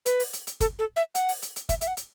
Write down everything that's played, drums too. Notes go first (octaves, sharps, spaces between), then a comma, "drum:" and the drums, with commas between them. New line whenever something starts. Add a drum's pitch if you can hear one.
B4, drum: hi-hat
drum: open hi-hat
drum: hi-hat
drum: hi-hat
A4, drum: kick, hi-hat
A4
E5
F#5, drum: hi-hat
drum: open hi-hat
drum: hi-hat
drum: hi-hat
E5, drum: kick, hi-hat
E5, drum: hi-hat
F#5
drum: hi-hat